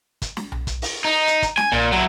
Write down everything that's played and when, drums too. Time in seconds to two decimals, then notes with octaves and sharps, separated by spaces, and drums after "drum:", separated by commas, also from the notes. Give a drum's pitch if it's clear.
0.22 drum: kick, hi-hat
0.37 drum: snare
0.52 drum: tom B1
0.67 drum: kick, hi-hat
0.82 drum: open hi-hat
1.05 D#4
1.27 drum: hi-hat
1.42 drum: kick, hi-hat
1.57 G#5, drum: snare
1.72 A#2, drum: tom B1
1.92 F#3 E4